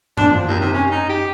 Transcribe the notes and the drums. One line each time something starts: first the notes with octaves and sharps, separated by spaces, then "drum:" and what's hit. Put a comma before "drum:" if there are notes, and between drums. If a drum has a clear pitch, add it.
D4, drum: tom F#2
F3
D#2
C3
C#4
D#4
G4